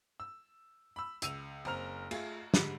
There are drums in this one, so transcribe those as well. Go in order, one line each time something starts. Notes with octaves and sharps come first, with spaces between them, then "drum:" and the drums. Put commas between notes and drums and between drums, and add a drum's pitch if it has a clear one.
E6
B5 E6
C#2 E6 D#7 F7, drum: hi-hat
F#1 C4 A#5 F6 F7
A3 F4 G#4 F5, drum: cymbal
G#2 D3 G3, drum: snare